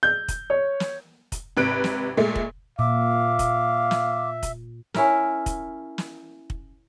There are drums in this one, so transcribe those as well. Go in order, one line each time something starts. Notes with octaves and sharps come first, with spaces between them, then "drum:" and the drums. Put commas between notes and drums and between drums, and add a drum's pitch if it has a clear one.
G6
drum: kick, hi-hat
C#5
drum: snare
drum: kick, hi-hat
G#1 C3 B4 F#6 D7
drum: snare
A#2 G#3 A3
drum: kick
A#2 E5 F5 D6
drum: kick, hi-hat
drum: snare
drum: kick, hi-hat
C#4 E4 A#4, drum: snare
drum: kick, hi-hat
drum: snare
drum: kick